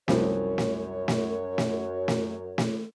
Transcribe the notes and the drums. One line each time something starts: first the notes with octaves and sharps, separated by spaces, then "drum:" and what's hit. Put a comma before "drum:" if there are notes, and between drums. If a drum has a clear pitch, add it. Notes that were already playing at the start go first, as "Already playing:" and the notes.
C2 F#2 F3 C#5, drum: snare
drum: snare
drum: snare
drum: snare
drum: snare
drum: snare